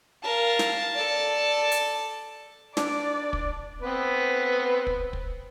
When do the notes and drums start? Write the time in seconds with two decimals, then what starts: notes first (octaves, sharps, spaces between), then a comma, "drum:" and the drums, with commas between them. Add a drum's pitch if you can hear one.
0.23 A#4 F5 A5
0.59 drum: snare
0.96 A4 D5
1.72 drum: hi-hat
2.77 D4 D5, drum: snare
3.33 drum: kick
3.82 B3 C4 B4
4.87 drum: kick
5.13 drum: kick